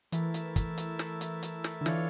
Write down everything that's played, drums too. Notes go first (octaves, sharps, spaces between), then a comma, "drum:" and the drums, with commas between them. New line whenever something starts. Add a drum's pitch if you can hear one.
E3 A3 E4 A#4 E5 A5, drum: hi-hat
drum: hi-hat
drum: kick, hi-hat
drum: hi-hat
drum: snare
drum: hi-hat
drum: hi-hat
drum: snare
D3
E3 D4 F4 A4 C#5 F5, drum: snare